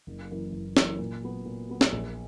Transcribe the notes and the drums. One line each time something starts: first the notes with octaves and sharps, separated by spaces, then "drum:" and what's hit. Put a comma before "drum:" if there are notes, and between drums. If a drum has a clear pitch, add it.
F#1
F#2 E3 A#3
F#1
F#2 E3 A#3, drum: snare
A#2
F#3 B3
A#2
F#3 B3
drum: snare
A#1